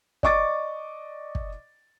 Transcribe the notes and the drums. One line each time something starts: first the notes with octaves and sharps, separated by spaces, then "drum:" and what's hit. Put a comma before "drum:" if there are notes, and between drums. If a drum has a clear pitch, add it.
D5 D#5 C#6 D6 A6, drum: kick
drum: kick